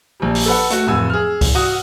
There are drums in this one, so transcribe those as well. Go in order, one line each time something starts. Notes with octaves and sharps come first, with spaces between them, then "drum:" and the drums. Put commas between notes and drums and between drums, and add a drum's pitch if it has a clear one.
A#1 G3
drum: open hi-hat
A4 B4 F#5
A3 F#4, drum: hi-hat
D1 F2 G#5 E6
G#4 F6
drum: kick C#2, open hi-hat
F#4 D#6